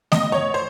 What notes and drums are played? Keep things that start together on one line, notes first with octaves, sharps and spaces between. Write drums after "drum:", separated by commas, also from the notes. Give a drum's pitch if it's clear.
D#5, drum: snare A3
C#5
C5